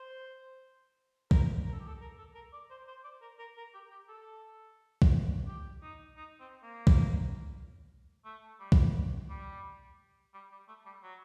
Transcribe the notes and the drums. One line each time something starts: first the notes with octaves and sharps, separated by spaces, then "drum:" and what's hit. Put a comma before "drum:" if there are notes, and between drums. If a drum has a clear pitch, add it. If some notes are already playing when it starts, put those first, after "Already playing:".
Already playing: C5
A#4, drum: kick B1
A#4
A4
G4
A4
A#4
A4
A#4
D5
C5
C5
D5
A#4
A#4
A#4
G4
G4
A4
drum: kick B1
G4
D#4
D#4
C4
A#3
drum: kick B1
A3
G3
drum: kick B1
G3
G3
G3
A3
G3
F#3